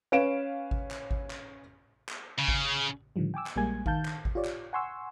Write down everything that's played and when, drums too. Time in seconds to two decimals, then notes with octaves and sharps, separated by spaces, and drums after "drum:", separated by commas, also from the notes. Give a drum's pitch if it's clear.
0.12 C#4 B4 F5 D7 E7
0.71 drum: kick G#1
0.91 drum: clap
1.11 drum: kick G#1
1.30 drum: clap
2.09 drum: clap
2.39 C#3
2.48 drum: kick G#1
3.16 A2 D3 D#3 F3 G3
3.34 G5 G#5 D6 E6
3.46 drum: clap
3.56 A#1 G3 G#3 A#3 G#5 G#6
3.86 D#3 F5 A5 G6, drum: kick G#1
4.05 drum: clap
4.25 drum: kick G#1
4.35 F4 G4 C#5 D5
4.45 drum: clap
4.73 F#5 G#5 C6 C#6 E6